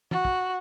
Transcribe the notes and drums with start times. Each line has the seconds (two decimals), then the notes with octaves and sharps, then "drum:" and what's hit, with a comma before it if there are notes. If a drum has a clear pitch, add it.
0.11 F#4, drum: tom
0.25 drum: kick